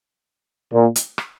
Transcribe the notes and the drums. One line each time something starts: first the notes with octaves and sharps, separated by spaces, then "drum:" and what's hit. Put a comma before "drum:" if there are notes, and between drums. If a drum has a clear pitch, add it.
A#2
drum: hi-hat
drum: rim click